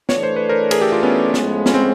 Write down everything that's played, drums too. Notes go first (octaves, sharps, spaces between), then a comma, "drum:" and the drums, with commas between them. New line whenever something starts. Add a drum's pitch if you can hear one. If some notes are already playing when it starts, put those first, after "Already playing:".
E3 A3 D4 C#5, drum: snare
C5
B4
A#4 C5
G#4 A#4, drum: cymbal
G4 A4
F4 G4
B3 C#4
A2 F3 G#3, drum: snare
C#4, drum: snare
C4